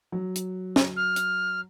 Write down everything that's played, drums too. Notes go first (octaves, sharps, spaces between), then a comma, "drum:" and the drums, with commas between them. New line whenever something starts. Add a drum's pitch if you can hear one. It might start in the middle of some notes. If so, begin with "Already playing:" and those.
F#3
drum: hi-hat
drum: snare
F6
drum: hi-hat